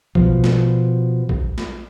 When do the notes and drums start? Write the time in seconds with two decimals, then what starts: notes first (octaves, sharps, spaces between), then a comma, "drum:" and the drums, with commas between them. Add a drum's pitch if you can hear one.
0.15 B2 F3, drum: kick A#1
0.44 drum: snare
1.29 drum: kick A#1
1.58 drum: snare